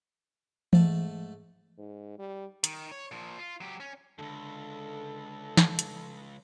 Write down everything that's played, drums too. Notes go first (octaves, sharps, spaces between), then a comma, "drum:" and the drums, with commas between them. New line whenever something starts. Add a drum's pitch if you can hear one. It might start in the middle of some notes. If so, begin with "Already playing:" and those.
G#2 A3 A5, drum: tom E3
G#2
G3
D#3, drum: hi-hat
C#5
A#2 F3
F4
F#3 G4
C#4
C#2 F#2 D3 A4
drum: snare
drum: hi-hat